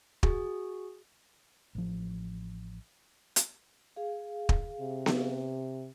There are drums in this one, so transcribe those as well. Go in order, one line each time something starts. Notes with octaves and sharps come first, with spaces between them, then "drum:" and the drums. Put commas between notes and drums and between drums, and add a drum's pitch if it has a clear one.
F#4 G#4, drum: kick
A1 F3
drum: hi-hat
G#4 F5
drum: kick
C3
drum: snare B3